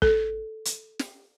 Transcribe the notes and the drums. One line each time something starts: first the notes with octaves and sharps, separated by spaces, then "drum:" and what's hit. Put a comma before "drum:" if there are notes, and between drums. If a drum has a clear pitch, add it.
A4, drum: kick
drum: hi-hat
drum: snare